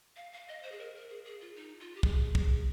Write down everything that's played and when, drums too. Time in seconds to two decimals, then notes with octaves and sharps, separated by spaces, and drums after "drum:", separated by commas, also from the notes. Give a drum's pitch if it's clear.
0.16 F5
0.33 F5
0.48 D#5
0.63 C5
0.72 G#4
0.79 A#4
0.95 A#4
1.10 G#4
1.25 G#4
1.41 F4
1.56 D#4
1.80 F4
1.95 G4
2.03 G#4, drum: kick
2.35 drum: kick